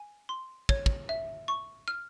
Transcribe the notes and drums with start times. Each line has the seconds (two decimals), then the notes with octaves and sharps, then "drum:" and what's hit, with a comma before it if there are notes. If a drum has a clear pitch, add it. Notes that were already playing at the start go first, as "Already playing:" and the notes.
Already playing: G#5
0.29 C6
0.69 C#5, drum: kick
0.86 drum: kick
1.09 E5
1.48 C#6
1.88 F6